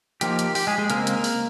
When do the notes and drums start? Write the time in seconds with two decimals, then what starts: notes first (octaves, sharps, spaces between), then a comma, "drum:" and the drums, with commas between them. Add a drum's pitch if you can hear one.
0.21 F3 A#3 D#4 G4, drum: hi-hat
0.39 drum: hi-hat
0.55 G4, drum: open hi-hat
0.67 G#3 G#4
0.78 G#3 G#4
0.90 C#3 G#3 A#3 C4 A#4, drum: hi-hat
1.07 drum: hi-hat
1.24 drum: open hi-hat